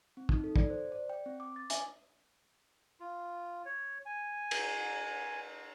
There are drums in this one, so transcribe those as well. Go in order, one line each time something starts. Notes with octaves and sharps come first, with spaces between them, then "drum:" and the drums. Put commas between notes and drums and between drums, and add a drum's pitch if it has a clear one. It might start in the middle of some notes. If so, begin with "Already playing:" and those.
C4
D#4, drum: kick
A4
D5, drum: kick
C5
D5
G5
C4
D6
A6
G#5, drum: hi-hat
F4
C#5
G#5
drum: cymbal